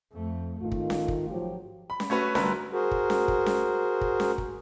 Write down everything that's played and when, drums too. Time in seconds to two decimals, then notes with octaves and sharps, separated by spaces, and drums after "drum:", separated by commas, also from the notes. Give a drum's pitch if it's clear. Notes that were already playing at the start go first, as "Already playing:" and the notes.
0.12 F2 A3
0.62 G#1 D#3 A3 F4
0.72 drum: kick
0.90 drum: snare C#4
1.08 drum: kick
1.30 F3 F#3 G4
1.90 B5
2.00 drum: snare C#4
2.10 A3 C#4 F#4 B4
2.35 G1 G2 D3 A#4 B4, drum: snare C#4
2.73 F#4 G#4 A#4 C5
2.91 drum: kick
3.10 drum: snare C#4
3.28 drum: kick
3.46 drum: snare C#4
4.01 drum: kick
4.20 drum: snare C#4
4.38 drum: kick